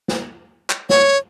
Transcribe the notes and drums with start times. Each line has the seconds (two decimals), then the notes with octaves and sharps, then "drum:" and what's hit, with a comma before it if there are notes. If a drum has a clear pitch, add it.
0.08 drum: snare
0.70 drum: clap
0.89 C#5, drum: snare